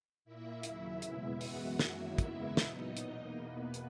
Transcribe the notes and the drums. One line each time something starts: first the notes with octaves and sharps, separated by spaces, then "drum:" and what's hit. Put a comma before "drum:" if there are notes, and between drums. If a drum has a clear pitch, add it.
A#2 A#3 E4 E5
D#2 C#3 F#3 E4 E5, drum: hi-hat
E2 B2 G#3 B3 E4 E5, drum: hi-hat
F#2 E3 G#3 B3 F#4 F#5, drum: open hi-hat
F#2 D#3 F#3 A#3 E4 E5, drum: snare
E2 C#3 G#3 B3, drum: kick, hi-hat
A#2 F#3 B3 D#4 D#5, drum: snare
E2 B2 A#3, drum: hi-hat
E2 B2 A#3 B3 B4
drum: hi-hat